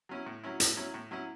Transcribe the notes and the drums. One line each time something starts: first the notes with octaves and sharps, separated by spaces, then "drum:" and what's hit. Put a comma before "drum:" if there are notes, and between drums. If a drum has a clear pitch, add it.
F#3 C#4 E4
A2
F#3 C#4 E4
A2, drum: hi-hat
F#3 C#4 E4
A2
F#3 C#4 E4